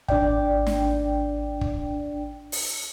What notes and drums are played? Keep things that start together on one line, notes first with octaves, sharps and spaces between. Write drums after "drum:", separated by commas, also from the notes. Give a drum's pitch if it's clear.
G#1 D4 D5 G5, drum: kick
drum: snare
drum: kick
drum: open hi-hat